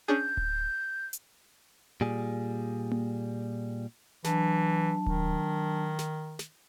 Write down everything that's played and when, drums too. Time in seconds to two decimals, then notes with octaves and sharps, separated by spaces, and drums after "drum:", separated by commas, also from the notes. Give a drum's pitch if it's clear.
0.08 C#4 D4 G#4 G6
0.37 drum: kick D1
1.13 drum: hi-hat
2.01 A#2 G3 G#4
2.91 drum: tom A#3
4.24 E3 F#3 D4 A5, drum: snare
5.07 D#3, drum: kick D1
5.99 drum: snare
6.39 drum: snare